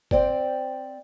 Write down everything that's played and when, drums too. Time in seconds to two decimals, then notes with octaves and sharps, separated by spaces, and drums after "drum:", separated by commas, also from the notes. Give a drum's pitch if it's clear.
0.11 C4 C5 D5 G5, drum: kick